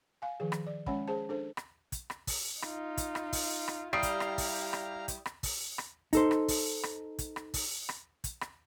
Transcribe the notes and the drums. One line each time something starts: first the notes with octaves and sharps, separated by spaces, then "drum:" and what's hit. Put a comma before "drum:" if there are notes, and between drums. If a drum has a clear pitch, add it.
F5 G#5
D#3 F3 G#4
drum: rim click
D5
G#3 C#4 C#5 F#5 B5, drum: kick
G#4 C5 A5
D4 A4 C5
drum: rim click
drum: kick, hi-hat
drum: rim click
drum: kick, open hi-hat
D#4 F4, drum: rim click
drum: kick, hi-hat
drum: rim click
drum: kick, open hi-hat
drum: rim click
G3 E4 G4 F5 A#5 D#6 C7 D7
drum: kick, hi-hat
drum: rim click
drum: kick, open hi-hat
drum: rim click
drum: kick, hi-hat
drum: rim click
drum: kick, open hi-hat
drum: rim click
D#4 A4 C5, drum: kick, hi-hat
drum: rim click
drum: kick, open hi-hat
drum: rim click
drum: kick, hi-hat
drum: rim click
drum: kick, open hi-hat
drum: rim click
drum: kick, hi-hat
drum: rim click